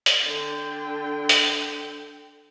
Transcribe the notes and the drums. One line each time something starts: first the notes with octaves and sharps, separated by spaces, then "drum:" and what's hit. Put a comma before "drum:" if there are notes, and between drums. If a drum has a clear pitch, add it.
drum: hi-hat
D3 G5
drum: hi-hat